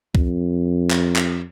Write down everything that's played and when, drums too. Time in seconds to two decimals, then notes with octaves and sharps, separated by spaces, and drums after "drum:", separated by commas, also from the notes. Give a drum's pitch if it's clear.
0.15 F2, drum: kick C#2
0.90 drum: clap
1.16 drum: clap